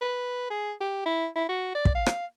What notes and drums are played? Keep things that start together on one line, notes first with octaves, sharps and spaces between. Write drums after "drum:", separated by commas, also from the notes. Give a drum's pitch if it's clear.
B4
G#4
G4
E4
E4
F#4
D5
drum: kick
F5
drum: rim click